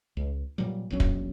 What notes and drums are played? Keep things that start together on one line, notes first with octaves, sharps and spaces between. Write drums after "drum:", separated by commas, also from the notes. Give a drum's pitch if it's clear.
C#2
A#2 F#3 G3
E1 A#1 F#3 C#4
drum: kick